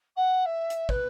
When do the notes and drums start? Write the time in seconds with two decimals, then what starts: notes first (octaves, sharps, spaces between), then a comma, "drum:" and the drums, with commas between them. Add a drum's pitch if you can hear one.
0.16 F#5
0.45 E5
0.70 drum: hi-hat
0.89 B4, drum: kick